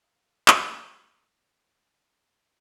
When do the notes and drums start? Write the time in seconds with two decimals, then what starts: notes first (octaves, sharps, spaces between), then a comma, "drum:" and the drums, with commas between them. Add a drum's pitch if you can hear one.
0.01 E5 F5 A#5 D#6
0.48 drum: clap